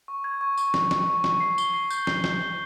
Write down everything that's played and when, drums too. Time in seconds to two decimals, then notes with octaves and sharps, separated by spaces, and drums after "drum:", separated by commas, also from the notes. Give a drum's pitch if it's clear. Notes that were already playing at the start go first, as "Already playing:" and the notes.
0.08 C#6
0.24 G#6
0.41 C#6
0.57 C#6, drum: tambourine
0.74 C#6, drum: snare
0.91 C#6, drum: snare
1.08 C#6
1.24 C#6, drum: snare
1.40 C7
1.58 G7, drum: tambourine
1.74 C7
1.91 G6, drum: tambourine
2.07 C7, drum: snare
2.24 G6, drum: snare
2.41 G7